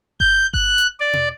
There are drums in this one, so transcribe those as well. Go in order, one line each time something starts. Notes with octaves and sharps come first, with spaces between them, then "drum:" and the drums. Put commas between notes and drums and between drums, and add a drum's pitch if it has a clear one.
G6, drum: kick G1
F#6, drum: kick G1
drum: hi-hat
D5
drum: tom B2